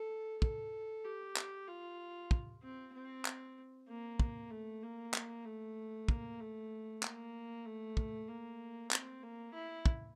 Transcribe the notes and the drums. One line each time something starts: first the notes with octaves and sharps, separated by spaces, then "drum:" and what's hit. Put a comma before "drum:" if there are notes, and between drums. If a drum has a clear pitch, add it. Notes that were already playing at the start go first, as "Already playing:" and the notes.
Already playing: A4
A4, drum: kick
G4
drum: clap
F4
drum: kick
C4
C4
drum: clap
A#3
drum: kick
A3
A#3
drum: clap
A3
A#3, drum: kick
A3
A#3, drum: clap
A3
drum: kick
A#3
C4, drum: clap
A#3
E4
drum: kick